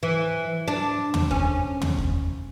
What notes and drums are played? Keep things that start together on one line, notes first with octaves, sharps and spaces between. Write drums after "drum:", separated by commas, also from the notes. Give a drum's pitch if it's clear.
E3
D4
drum: tom
C#4, drum: kick D#2
drum: tom
drum: kick D#2